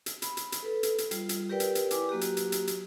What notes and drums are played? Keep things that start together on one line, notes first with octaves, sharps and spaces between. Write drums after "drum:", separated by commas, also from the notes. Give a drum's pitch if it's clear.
drum: hi-hat
B5, drum: hi-hat
drum: hi-hat
drum: hi-hat
A4 B4
drum: hi-hat
drum: hi-hat
G3 F4, drum: hi-hat
drum: hi-hat
G4 A#4 B4 D5 G5
drum: hi-hat
drum: hi-hat
E4 B4 G#5 D6, drum: hi-hat
F#3 A#3 F#4 G4
drum: hi-hat
drum: hi-hat
drum: hi-hat
drum: hi-hat